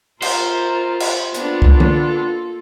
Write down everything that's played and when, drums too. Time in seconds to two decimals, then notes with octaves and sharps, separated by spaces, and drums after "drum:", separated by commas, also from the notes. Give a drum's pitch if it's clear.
0.22 F4 A#4 C5, drum: cymbal
1.00 drum: cymbal
1.35 A#3 B3 D4 F4 A4, drum: hi-hat
1.62 drum: kick C2
1.80 drum: tom D3